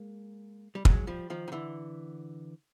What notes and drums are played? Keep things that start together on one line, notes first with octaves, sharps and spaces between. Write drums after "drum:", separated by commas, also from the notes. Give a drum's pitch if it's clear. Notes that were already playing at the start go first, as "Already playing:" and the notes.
Already playing: G#3 A#3
G3
F#3 G#3, drum: kick
F3 G3
D#3 F3
D#3
D3 E3